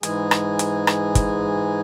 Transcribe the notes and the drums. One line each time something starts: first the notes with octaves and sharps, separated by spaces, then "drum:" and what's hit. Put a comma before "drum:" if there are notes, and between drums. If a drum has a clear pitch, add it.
G#2 E3 G#3 G#4 G#5, drum: hi-hat
drum: rim click
drum: hi-hat
drum: rim click
drum: kick, hi-hat